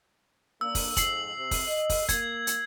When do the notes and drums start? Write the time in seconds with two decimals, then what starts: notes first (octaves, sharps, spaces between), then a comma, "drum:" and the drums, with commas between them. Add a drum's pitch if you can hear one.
0.61 A#3 D4 E6
0.75 drum: kick, open hi-hat
0.97 F2 G#2 C7 F#7, drum: kick, hi-hat
1.36 C3
1.51 drum: kick, open hi-hat
1.67 D#5
1.90 drum: kick, open hi-hat
2.09 A#3 G#6, drum: kick, hi-hat
2.47 drum: hi-hat